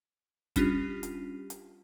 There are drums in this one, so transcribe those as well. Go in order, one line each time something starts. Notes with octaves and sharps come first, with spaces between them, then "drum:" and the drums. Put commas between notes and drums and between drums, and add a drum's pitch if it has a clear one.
G3 C#4 D4 F4 G4, drum: kick, hi-hat
drum: hi-hat
drum: hi-hat